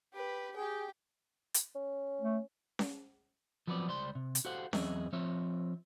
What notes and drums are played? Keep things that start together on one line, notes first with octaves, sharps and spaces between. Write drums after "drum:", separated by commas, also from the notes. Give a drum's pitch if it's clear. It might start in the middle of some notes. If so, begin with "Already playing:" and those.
G4 B4
G4 G#4 G5
drum: hi-hat
C#4
A3
drum: snare C#4
F3 F#3 B3 C4 B4 D5
C#2 G3 C5 D5 C6
C3
drum: hi-hat
F#4 G4 A4 C5 F5 F#5
E2 F#3 C4 G#4 D#5 E5, drum: snare C#4
F3 C4 F4 C#5 E5